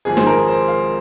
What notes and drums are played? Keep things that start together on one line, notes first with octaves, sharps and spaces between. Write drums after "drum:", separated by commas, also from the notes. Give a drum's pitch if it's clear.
G#1 G#2 F3 G#4
C5, drum: snare D#4
A#4
C5
F5